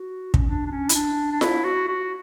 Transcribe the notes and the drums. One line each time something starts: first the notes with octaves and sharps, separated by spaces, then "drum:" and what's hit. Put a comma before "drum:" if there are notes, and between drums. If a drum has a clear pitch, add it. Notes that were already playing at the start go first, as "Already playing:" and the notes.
Already playing: F#4
C#4, drum: kick
D4
D4
C#4
E4, drum: hi-hat
D4
D4
E4, drum: snare F4
F#4
F#4